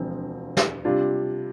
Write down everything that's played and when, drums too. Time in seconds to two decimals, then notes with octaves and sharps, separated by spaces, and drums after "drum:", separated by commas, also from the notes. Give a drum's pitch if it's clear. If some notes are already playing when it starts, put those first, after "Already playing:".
Already playing: E1 D2 D3 F3 C4
0.57 drum: snare
0.85 C3 G3 D4 F4